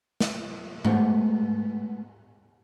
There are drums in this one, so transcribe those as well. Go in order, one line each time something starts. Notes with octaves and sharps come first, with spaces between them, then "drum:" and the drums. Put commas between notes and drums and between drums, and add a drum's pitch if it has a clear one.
drum: snare
G#3 A3 B3 C5 F#5, drum: tom G#2